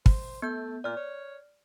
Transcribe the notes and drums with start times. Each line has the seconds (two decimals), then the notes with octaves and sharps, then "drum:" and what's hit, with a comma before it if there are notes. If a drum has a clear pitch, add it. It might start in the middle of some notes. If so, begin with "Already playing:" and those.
0.06 C5, drum: kick
0.42 A3 B3 G6
0.84 A#2 D5 F6
0.97 C#5